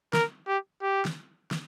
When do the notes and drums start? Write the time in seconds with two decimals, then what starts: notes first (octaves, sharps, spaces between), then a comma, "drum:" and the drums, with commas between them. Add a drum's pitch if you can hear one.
0.13 A#4, drum: snare
0.47 G4
0.82 G4
1.05 drum: snare
1.51 drum: snare